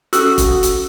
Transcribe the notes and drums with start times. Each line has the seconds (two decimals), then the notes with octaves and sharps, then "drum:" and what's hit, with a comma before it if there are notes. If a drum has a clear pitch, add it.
0.13 C#4 F#4 A4 E6, drum: hi-hat
0.38 drum: kick F1, hi-hat
0.63 drum: hi-hat